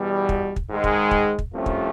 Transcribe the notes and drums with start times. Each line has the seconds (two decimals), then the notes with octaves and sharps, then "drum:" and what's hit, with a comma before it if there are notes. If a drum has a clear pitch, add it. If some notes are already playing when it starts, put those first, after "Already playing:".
Already playing: E2 B2 G3
0.29 drum: kick
0.56 drum: kick
0.71 G#2 D#3 G#3
0.84 drum: kick
1.11 drum: kick
1.39 drum: kick
1.52 C2 C3 F3 A3 C#4
1.66 drum: kick